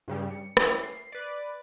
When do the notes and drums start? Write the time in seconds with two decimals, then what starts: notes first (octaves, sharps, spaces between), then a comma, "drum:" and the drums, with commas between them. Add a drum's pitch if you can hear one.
0.08 G2 C#3 G3
0.31 C#7
0.57 C#4 E4 G4, drum: rim click
0.83 C7
1.12 B4 D5